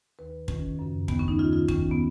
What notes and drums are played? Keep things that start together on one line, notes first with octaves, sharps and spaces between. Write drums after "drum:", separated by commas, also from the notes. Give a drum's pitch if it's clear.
D#2 D#3 B4
F2 D#3 C#4, drum: kick
F#2 C#3
D#2 D#3 B3, drum: kick
C#4
D#4
F2 D#3 F4
F4
D#2 D#3 C#4, drum: kick
B3